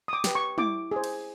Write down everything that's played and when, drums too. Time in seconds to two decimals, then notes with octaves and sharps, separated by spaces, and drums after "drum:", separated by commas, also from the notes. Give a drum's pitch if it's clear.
0.08 D#6
0.13 D6
0.24 G4 B4, drum: snare
0.35 C#6
0.58 E4 D6, drum: tom
0.91 G#4 C5
1.04 drum: cymbal